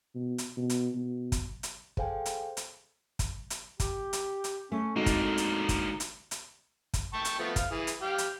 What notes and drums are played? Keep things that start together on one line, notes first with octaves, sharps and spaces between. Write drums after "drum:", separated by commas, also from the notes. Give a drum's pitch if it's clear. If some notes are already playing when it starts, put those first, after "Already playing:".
B2
drum: hi-hat
B2
drum: hi-hat
B2
drum: kick, hi-hat
drum: hi-hat
G#4 A4 C5 F5 G5 G#5, drum: kick
drum: hi-hat
drum: hi-hat
drum: kick, hi-hat
drum: hi-hat
G4, drum: kick, hi-hat
drum: hi-hat
drum: hi-hat
A3 C#4
F2 D3 G#3 A#3 D#4 F#4
drum: kick, hi-hat
drum: hi-hat
drum: kick, hi-hat
drum: hi-hat
drum: hi-hat
drum: kick, hi-hat
G5 A5 C#6
drum: hi-hat
F3 A3 B3
F5, drum: kick, hi-hat
E3 G#4
drum: hi-hat
G4 F5 G5
drum: hi-hat